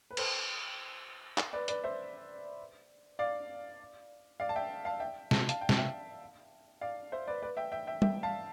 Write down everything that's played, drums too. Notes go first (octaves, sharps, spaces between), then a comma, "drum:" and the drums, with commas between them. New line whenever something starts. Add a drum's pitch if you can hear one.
B4
A4 C5, drum: cymbal
drum: clap
B4 D5
B4 D5, drum: hi-hat
C5 E5
D5 F5
D5 F5
A5
E5 G5
F5 A5
E5 G5
A5, drum: snare
F5 A5, drum: hi-hat
G5
A5, drum: snare
E5 G5
D5 F5
C5 E5
B4 D5
B4 D5
E5 G5
E5 G5
E5 G5
E5 G5, drum: tom G3
F5 A5